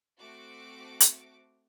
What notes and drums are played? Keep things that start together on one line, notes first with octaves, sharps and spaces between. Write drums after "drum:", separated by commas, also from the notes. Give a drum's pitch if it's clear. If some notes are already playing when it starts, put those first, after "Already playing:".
A3 C4 F#4 D6
drum: hi-hat